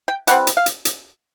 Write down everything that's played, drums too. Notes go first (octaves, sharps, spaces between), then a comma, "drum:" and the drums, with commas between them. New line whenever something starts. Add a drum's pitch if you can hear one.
G5
E3 G3 C4 F#5, drum: hi-hat
drum: hi-hat
F5
drum: hi-hat
drum: hi-hat